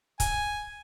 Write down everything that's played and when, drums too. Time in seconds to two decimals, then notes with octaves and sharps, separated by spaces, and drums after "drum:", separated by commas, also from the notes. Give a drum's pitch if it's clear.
0.20 G#5, drum: kick C#1, hi-hat